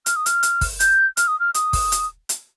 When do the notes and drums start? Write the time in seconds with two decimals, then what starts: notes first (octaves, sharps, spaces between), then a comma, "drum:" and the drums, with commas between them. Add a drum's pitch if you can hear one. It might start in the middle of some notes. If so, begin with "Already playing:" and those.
0.06 F6, drum: hi-hat
0.16 D#6
0.26 F6, drum: hi-hat
0.43 drum: hi-hat
0.61 drum: kick, open hi-hat
0.80 G6, drum: hi-hat
1.17 F6, drum: hi-hat
1.28 D#6
1.40 F6
1.54 D#6, drum: hi-hat
1.73 drum: kick, open hi-hat
1.92 drum: hi-hat
2.29 drum: hi-hat